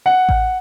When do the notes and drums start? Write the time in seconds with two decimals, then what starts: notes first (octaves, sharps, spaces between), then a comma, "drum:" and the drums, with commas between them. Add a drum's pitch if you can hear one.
0.06 F#5
0.29 drum: kick A1